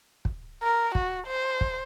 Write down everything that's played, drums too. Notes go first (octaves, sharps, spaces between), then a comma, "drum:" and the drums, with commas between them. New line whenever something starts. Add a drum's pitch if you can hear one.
drum: kick
A#4
F#4, drum: kick
C5
drum: kick